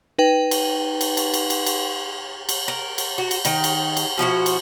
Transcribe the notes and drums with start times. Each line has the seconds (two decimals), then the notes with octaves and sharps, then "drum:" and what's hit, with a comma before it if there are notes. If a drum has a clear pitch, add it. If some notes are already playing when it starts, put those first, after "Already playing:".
0.18 D#4 B4 G5
0.51 drum: cymbal
1.01 drum: cymbal
1.17 drum: cymbal
1.34 drum: cymbal
1.50 drum: cymbal
1.66 drum: cymbal
2.49 drum: cymbal
2.68 A#4
2.98 drum: cymbal
3.18 F#4
3.31 drum: cymbal
3.45 D#3 D#4, drum: cymbal
3.64 drum: cymbal
3.97 drum: cymbal
4.18 B2 F3 E4 F#4
4.46 drum: cymbal